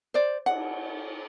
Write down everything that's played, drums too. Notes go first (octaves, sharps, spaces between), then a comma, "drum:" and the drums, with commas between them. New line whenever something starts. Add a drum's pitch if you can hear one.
C5 D5
F#5, drum: cymbal